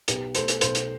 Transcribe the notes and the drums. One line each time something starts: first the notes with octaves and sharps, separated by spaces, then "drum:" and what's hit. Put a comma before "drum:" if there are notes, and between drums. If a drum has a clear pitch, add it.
B1 G4 B4, drum: hi-hat
B2 A3 A4 C5, drum: hi-hat
drum: hi-hat
B1 A4 C5, drum: hi-hat
drum: hi-hat